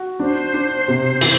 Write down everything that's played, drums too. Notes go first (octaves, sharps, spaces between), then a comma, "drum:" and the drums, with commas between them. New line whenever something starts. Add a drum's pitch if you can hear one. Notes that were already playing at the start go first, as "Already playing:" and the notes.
Already playing: F#4
D4 C5
D4
C3
E3, drum: cymbal